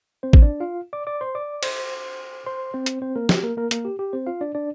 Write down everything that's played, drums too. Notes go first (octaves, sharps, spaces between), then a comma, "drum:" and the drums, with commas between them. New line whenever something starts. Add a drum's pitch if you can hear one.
C4 C5
drum: kick
D4 D5
F4 F5
D5 D6
D5 D6
C5 C6
D5 D6
C5 C6, drum: cymbal
C5 C6
C4 C5
drum: hi-hat
C4 C5
A#3 A#4
G4, drum: snare
A#3 A#4
A#3 A#4
A#3 A#4, drum: hi-hat
G4
G4
C4 C5
F4 F5
D4 D5
D4 D5